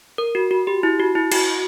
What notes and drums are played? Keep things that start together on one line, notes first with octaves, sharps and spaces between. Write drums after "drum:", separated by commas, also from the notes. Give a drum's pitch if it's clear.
A#4
F#4
F#4
G4
E4
F#4
E4
F#4, drum: cymbal